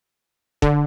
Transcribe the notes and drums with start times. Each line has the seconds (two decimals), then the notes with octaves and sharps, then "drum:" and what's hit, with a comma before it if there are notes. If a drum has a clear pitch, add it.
0.62 D3, drum: kick